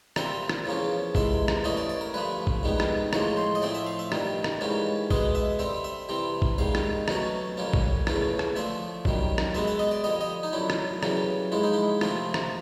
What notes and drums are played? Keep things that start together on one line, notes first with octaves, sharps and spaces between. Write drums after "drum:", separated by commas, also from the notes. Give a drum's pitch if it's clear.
A#2 G3 C4 E5, drum: rim click
drum: rim click
E2 C#3 F3 A#3 C#4
C3 E3 G#3 E5, drum: kick
drum: rim click
G2 E3 A3 C#4 D#5
D5
D5
A#4
G2 D3 F3 A3 B4
drum: kick
G#2 D#3 G3 B3
drum: rim click
A2 F3 G#3 C#5, drum: rim click
C5
D#5
A2 F3 A3 C4 D5
E5
F5
E5
G2 D#3 G3, drum: rim click
drum: rim click
G#2 E3 G3 A#3 C#4
B2 G#3 B3 D#5, drum: kick
E5
D3 G3 C4 E5
E5
C3 E3 G3 C4
drum: kick
G#2 D#3 G3 F5
drum: rim click
B2 F#3 A3 C#4, drum: rim click
F2 D3 G3 A#3 C#4
drum: kick
E2 C#3 E3 A3, drum: rim click
drum: rim click
D3 F3 A3 E5
F#2 D#3 G3, drum: kick
drum: rim click
B2 G#3 B3 E5
E5
D#5
D5
F2 D3 G3 D#5
D#5
D#4
F#2 D3 F#3 E4
drum: rim click
F#2 C#3 E3 G3, drum: rim click
G#2 F3 G#3 E4
D#4
E4
C3 F3 A3 C4, drum: rim click
drum: rim click